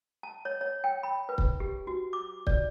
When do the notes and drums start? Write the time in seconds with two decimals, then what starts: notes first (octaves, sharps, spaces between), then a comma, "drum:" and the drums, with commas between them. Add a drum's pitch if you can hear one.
0.23 A5
0.45 C#5
0.61 C#5
0.84 G5
1.03 B5
1.29 B4
1.38 drum: kick C#1
1.60 G4
1.87 F#4
2.13 D6
2.47 D5, drum: kick C#1